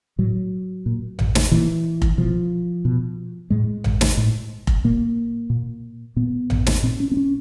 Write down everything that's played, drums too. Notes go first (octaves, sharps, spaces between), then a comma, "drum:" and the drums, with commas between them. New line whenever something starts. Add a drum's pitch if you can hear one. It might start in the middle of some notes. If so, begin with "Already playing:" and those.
A2 F#3
A#2
drum: tom A1
drum: snare
A#2 E3
drum: kick F1
B2 F3
B2
A2 G#3
drum: tom A1
drum: snare
A2
drum: kick F1
A#2 A#3
A#2
A#2 B3
drum: tom A1
drum: snare
A#2 C4
C#4
C4
C#4